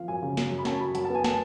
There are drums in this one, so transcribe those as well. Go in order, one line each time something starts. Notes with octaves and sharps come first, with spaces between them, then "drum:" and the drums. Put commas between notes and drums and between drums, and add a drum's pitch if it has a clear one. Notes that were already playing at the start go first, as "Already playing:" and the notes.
Already playing: F3 F5
F#2 G#5
C#3
F#2, drum: snare
F#2
B5
C#4 A5, drum: snare
F#3 B5
F#2 A5, drum: hi-hat
A5
B3 G#5
A5, drum: snare